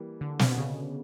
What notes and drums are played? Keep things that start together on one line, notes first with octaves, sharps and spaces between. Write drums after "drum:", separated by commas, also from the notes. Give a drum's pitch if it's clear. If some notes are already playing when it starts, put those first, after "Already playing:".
Already playing: E3 G3 A#3
D3
B2, drum: snare
B2
C#3